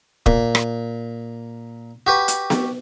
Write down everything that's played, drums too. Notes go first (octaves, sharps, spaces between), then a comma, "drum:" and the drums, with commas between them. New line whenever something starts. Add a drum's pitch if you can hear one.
A#2, drum: kick D#1
drum: rim click
F#4 G4 B4
drum: hi-hat
drum: snare B3